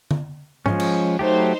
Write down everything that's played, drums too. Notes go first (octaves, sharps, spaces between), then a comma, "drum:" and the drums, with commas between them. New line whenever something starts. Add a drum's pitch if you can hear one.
drum: tom D3
F3 G#3 C#4, drum: tom G#2
drum: cymbal
F#3 A3 D#4 G4 C5